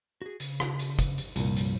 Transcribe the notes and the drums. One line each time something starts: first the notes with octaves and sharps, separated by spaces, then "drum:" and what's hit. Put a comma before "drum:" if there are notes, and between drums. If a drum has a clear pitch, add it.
F#4 G#4
C#3, drum: hi-hat
drum: rim click
drum: hi-hat
drum: kick, hi-hat
drum: hi-hat
C2 G2 A#2 F3, drum: hi-hat
drum: hi-hat